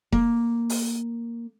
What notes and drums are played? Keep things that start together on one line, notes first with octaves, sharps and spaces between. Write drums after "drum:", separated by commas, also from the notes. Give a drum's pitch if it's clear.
A#3, drum: kick E1
drum: open hi-hat